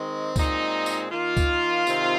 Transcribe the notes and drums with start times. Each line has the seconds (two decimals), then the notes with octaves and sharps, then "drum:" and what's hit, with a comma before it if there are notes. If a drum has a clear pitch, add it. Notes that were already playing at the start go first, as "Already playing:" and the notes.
Already playing: D#3 G#3 C4
0.36 A#2 G#3 C4 D#4, drum: kick C#2, tambourine
0.86 drum: tambourine
1.11 D#3 A#3 F4
1.37 drum: kick C#2, tambourine
1.87 C3 D#3 C4, drum: tambourine